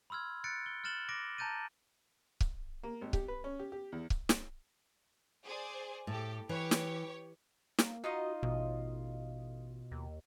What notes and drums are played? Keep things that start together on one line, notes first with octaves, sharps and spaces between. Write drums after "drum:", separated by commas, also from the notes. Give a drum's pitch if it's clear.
B5 C6 E6 F6 G#6
F#6 A6 C#7 D7
G7
F6 F#6 A6 E7 F#7 G7
D6 A#6 D7
A5 A#5 G6 A6 D#7
drum: kick C#1
A#3
G#1
G4, drum: kick C#1
B4
C#4
G4
G4
E2
drum: kick C#1
drum: snare
G#4 C5 D5
A2 G4 A4
E3 G4 C#5
drum: snare
A#3, drum: snare
D#4 F4 F#4 D#5
A1 B2
D#2